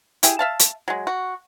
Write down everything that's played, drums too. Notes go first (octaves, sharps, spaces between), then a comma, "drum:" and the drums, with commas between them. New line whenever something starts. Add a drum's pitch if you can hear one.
E4 G4 G#4, drum: hi-hat
E5 F5 A5
drum: hi-hat
F#3 G#3
F#4